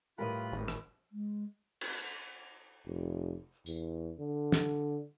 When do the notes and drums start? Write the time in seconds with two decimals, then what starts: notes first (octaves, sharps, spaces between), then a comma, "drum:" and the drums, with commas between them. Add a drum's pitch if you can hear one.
0.18 A2 G3 F4 A#4 B4 B5 D#6 F#6
0.53 G#1
0.68 drum: rim click
1.12 G#3
1.81 drum: cymbal
2.86 F1
3.66 E2, drum: tambourine
4.19 D3
4.52 drum: snare